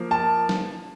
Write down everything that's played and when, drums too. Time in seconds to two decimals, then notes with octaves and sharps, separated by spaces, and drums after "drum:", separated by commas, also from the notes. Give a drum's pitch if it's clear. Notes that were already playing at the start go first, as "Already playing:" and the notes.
Already playing: F3 A#3
0.11 A5
0.49 drum: snare